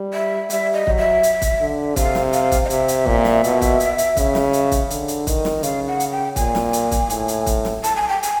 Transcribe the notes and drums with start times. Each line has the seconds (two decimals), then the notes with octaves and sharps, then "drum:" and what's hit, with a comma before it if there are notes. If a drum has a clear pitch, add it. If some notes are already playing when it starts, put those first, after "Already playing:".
Already playing: G3
0.14 E5
0.50 G3 E5, drum: hi-hat
0.74 D#5
0.87 F#3, drum: kick
0.98 E5
1.23 drum: hi-hat
1.42 drum: kick, hi-hat
1.60 D3
1.96 C3 F5, drum: kick, hi-hat
2.15 drum: snare
2.33 F5, drum: hi-hat
2.52 drum: kick, hi-hat
2.65 D#5
2.70 C3 E5, drum: hi-hat
2.88 drum: hi-hat
3.06 A#2, drum: kick
3.25 drum: snare
3.44 B2, drum: hi-hat
3.62 drum: kick, hi-hat
3.80 drum: hi-hat
3.98 drum: hi-hat
4.17 C#3, drum: kick, hi-hat
4.35 drum: snare
4.53 drum: hi-hat
4.71 drum: kick, hi-hat
4.90 D3, drum: hi-hat
5.08 drum: hi-hat
5.27 D#3, drum: kick, hi-hat
5.45 drum: snare
5.63 C#3 F5, drum: hi-hat
5.88 F#5
6.00 drum: hi-hat
6.12 G5
6.36 A#2 G#5, drum: kick, hi-hat
6.55 drum: snare
6.73 drum: hi-hat
6.91 drum: kick, hi-hat
7.10 A2, drum: hi-hat
7.28 drum: hi-hat
7.46 drum: kick, hi-hat
7.65 drum: snare
7.84 A5, drum: hi-hat
7.96 G#5
8.09 G5
8.23 G#5, drum: hi-hat